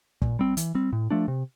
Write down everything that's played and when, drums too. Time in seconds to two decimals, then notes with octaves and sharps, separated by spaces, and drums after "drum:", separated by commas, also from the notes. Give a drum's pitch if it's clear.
0.22 A#2, drum: kick
0.39 G3 C4
0.57 E3, drum: hi-hat
0.75 G3 C4
0.93 A2
1.10 F3 A3 D4
1.28 C3